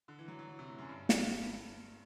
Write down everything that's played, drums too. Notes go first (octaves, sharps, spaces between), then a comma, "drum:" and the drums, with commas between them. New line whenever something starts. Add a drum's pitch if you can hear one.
D3
E3
F#3
F#3
E3
C3
A2
F#2
G2
drum: snare